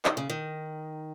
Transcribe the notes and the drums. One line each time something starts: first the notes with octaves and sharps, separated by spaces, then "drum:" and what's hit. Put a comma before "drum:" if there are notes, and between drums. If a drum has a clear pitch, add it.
D#3, drum: clap
C#3
D#3